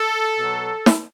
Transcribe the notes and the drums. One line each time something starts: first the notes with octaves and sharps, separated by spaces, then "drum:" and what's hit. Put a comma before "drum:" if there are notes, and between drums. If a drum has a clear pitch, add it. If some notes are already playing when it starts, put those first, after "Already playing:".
Already playing: A4
B2 F#3
drum: snare